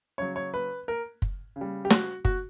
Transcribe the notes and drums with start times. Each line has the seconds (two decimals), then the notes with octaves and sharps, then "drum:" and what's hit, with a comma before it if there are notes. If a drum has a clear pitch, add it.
0.18 C#3 F#3 C#5
0.36 C#5
0.54 B4
0.88 A#4
1.22 drum: kick
1.56 C#3
1.61 G3
1.85 G4
1.90 F#4, drum: snare
2.25 F#4, drum: kick